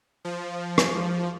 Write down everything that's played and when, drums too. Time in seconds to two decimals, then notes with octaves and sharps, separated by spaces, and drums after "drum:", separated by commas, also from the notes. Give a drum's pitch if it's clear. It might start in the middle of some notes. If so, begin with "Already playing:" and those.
0.25 F3
0.78 drum: rim click